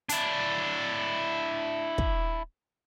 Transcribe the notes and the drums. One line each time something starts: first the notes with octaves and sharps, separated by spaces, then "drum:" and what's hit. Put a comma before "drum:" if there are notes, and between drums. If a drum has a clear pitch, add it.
D4 E4, drum: hi-hat
drum: kick